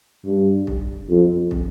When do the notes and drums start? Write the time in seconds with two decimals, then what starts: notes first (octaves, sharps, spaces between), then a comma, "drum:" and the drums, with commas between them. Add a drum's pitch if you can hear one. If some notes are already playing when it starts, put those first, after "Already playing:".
0.25 G2
0.67 drum: kick
1.09 F2
1.51 drum: kick